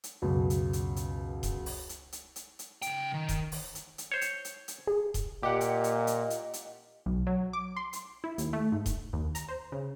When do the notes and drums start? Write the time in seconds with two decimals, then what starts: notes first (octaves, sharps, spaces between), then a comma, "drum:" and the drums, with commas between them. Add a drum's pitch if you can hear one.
0.04 drum: hi-hat
0.22 C#2 F#2 B2
0.50 drum: hi-hat
0.73 drum: hi-hat
0.96 drum: hi-hat
1.43 drum: kick D#1, hi-hat
1.66 drum: open hi-hat
1.89 drum: hi-hat
2.12 drum: hi-hat
2.36 drum: hi-hat
2.59 drum: hi-hat
2.82 C#3 G5, drum: hi-hat
3.14 D#3
3.29 drum: kick D#1, hi-hat
3.52 drum: open hi-hat
3.75 drum: hi-hat
3.98 drum: hi-hat
4.12 C5 C#5
4.21 drum: hi-hat
4.45 drum: hi-hat
4.68 drum: hi-hat
4.87 G#4
5.14 drum: kick D#1, hi-hat
5.43 A#2 G4 D#5 F#5
5.61 drum: hi-hat
5.84 drum: hi-hat
6.07 drum: hi-hat
6.30 drum: hi-hat
6.54 drum: hi-hat
7.06 B1
7.27 F#3
7.53 D6
7.76 C6
7.93 drum: hi-hat
8.24 E4
8.38 D#2, drum: hi-hat
8.53 A3
8.72 G#2
8.86 drum: kick D#1, hi-hat
9.13 D#2
9.35 A#5, drum: hi-hat
9.48 C5
9.72 C#3